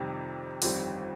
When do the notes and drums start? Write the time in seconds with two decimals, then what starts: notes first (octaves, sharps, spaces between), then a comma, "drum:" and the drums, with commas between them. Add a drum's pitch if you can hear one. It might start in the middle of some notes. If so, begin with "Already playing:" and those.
Already playing: F2 C3 D#3 G3
0.62 G1 F2 D#3 G3 C4, drum: open hi-hat